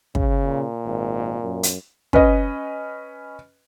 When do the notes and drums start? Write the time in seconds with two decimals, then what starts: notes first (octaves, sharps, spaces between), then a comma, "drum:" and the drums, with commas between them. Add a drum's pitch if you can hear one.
0.15 C#3, drum: kick
0.44 A#2
0.86 G#1
1.43 F#2
1.63 drum: hi-hat
2.13 C#4 B4 D#5, drum: kick